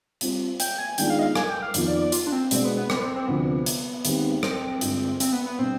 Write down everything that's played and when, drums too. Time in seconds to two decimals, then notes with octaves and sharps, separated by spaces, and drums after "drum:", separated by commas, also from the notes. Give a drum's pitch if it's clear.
0.21 G3 C4 F4 C5, drum: hi-hat
0.60 G5, drum: hi-hat
0.78 G#5
0.98 D#3 G#3 B3 D4 F4 G5, drum: hi-hat
1.10 F5
1.19 D#5
1.23 F5
1.36 G#5, drum: rim click
1.49 G5
1.62 F5
1.74 F2 D#3 B3 F4, drum: hi-hat
1.88 D5
1.99 D5
2.12 F4, drum: hi-hat
2.27 D4
2.32 C4
2.51 B2 G#3 C4 D4 G#4 D5, drum: hi-hat
2.65 B3
2.77 B3
2.90 C4, drum: rim click
2.96 B3
3.03 C4
3.16 C4
3.28 D2 C3 F3 B3 C4 F4
3.66 drum: hi-hat
4.05 D#2 D#3 G#3 C4 G4, drum: hi-hat
4.43 C4, drum: rim click
4.81 G2 D3 G#3 D4 F4, drum: hi-hat
5.20 C4, drum: hi-hat
5.32 B3
5.46 B3
5.59 B2 G3 C4 D4